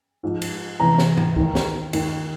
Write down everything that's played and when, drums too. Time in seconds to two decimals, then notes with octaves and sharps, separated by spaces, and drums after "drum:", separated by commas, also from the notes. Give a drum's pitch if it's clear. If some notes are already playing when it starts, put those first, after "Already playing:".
0.23 G#2 F3
0.42 drum: cymbal
0.80 E2 C3 E3 A#5
0.98 drum: snare
1.17 drum: tom G#2
1.36 D#2 D#3, drum: kick C2
1.55 drum: snare
1.93 D#2 D#3, drum: cymbal